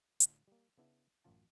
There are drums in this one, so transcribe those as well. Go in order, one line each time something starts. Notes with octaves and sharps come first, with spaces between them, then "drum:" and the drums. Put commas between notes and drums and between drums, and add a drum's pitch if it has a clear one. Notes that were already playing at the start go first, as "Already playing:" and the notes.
A2 D3 F4 A4, drum: hi-hat
G3 A#3
C#3 B3 D4 E4
A1 F#2 F#3 F4 A5